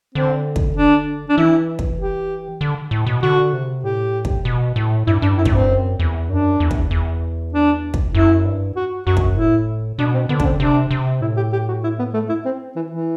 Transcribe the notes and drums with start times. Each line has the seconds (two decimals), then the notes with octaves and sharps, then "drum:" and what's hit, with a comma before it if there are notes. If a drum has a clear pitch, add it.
0.14 D3 C4
0.56 drum: kick
0.76 D4
1.29 D4
1.37 E3 E4
1.79 drum: kick
1.99 G4
2.61 D3
2.91 A2
3.07 B2
3.22 D3 F#4
3.53 C3
3.83 A2 G4
4.25 drum: kick
4.45 B2
4.76 A2
5.07 G2 E4
5.22 G2 D4
5.38 F#2 E4
5.45 A2, drum: kick
5.52 G2 C4
5.68 F#2
5.99 E2
6.29 F#2 D4
6.60 E2
6.71 drum: kick
6.91 E2
7.53 D4
7.94 drum: kick
8.14 F#2 E4
8.45 G2
8.76 F#4
9.06 F#2 F#4
9.17 drum: kick
9.37 A2 E4
9.99 B2 D4
10.14 C4
10.29 D3 B3
10.40 D4, drum: kick
10.45 C4
10.60 C3 D4
10.91 C3
11.21 A2 E4
11.37 G4
11.53 G4
11.68 F#4
11.83 E4
11.99 B3
12.13 A3
12.29 E4
12.45 C4
12.76 E3
12.90 E3